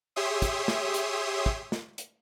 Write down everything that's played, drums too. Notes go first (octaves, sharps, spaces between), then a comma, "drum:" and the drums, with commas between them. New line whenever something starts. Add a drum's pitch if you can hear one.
G4 G#4 C#5 E5 C6 D#6
drum: kick, hi-hat
drum: snare
drum: hi-hat
drum: kick
drum: snare
drum: hi-hat